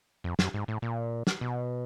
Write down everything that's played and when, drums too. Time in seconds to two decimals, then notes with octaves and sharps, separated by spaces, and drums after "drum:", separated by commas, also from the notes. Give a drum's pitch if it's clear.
0.24 F2
0.39 F#2, drum: snare
0.54 G#2
0.68 A2
0.82 A#2
1.27 drum: snare
1.41 B2